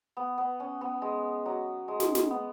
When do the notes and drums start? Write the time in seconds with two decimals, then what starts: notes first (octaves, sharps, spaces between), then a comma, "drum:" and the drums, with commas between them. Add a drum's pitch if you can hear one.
0.17 B3
0.38 B3
0.60 C#4
0.81 B3
1.02 G#3
1.46 F#3
1.88 G#3
2.00 drum: snare
2.15 drum: snare
2.30 B3